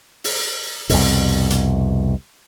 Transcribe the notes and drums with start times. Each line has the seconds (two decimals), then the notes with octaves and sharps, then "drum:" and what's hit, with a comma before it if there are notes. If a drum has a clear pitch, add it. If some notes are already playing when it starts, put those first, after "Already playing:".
0.24 drum: open hi-hat
0.89 C2 F2 B2, drum: open hi-hat
1.50 drum: hi-hat